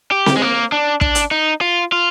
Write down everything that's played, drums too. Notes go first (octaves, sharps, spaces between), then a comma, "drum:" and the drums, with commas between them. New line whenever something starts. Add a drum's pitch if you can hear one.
G4
drum: snare C4
G#3
A#3
D4
D4, drum: kick
drum: hi-hat
D#4
F4
F4